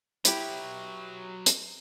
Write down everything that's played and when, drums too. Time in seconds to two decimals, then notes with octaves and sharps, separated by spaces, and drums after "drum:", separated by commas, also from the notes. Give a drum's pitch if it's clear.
0.25 F#3 E4 G4 B4, drum: hi-hat
1.46 drum: hi-hat